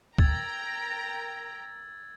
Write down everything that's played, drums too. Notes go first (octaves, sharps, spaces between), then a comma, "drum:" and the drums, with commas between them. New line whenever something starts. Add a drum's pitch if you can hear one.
A#4 G5 A#5 E6 G#6 A6, drum: kick